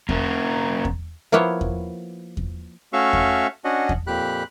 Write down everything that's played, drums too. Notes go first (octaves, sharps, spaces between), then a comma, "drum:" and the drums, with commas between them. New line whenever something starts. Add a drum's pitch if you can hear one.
A#3 C#4 A#4, drum: kick E2
drum: kick E2
F3 A#3 B3 E4 F4 C#5
drum: kick E2
drum: kick E2
A3 C#4 F#4 E5 F5 C#6
drum: kick E2
C#4 D4 F#4 D#5 F#5
drum: kick E2
F2 A#2 G4 B5 F#6